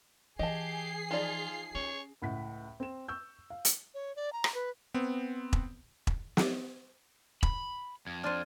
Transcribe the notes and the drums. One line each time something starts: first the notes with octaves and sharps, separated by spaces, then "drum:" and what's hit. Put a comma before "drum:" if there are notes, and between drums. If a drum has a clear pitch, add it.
E3 G4 G#4 D#5 A5 C7
F3 D#4 F4 D5
C#4 C#5
C#2 A2 F#5 B6
C4 E7
C#6 E6 G6
F5
drum: hi-hat
C#5
D5
A#5
drum: rim click
B4
B3 C4
drum: kick E1
drum: kick E1
drum: snare
B5, drum: kick E1
F2 G#6
D4 F4 C5 F6 A6 D#7